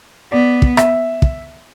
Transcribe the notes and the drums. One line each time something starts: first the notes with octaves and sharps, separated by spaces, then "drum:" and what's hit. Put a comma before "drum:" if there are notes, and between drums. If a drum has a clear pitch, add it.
B3 D5
drum: kick
E5, drum: rim click
drum: kick